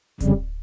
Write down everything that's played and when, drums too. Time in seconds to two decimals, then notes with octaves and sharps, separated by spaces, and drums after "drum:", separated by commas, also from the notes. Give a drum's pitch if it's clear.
0.20 F2 C#3 G3, drum: kick D1, hi-hat